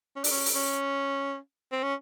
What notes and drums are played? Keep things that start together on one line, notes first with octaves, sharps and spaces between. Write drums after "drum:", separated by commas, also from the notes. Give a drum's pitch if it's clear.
C#4
D4, drum: open hi-hat
C#4
drum: open hi-hat
C#4
C4
C#4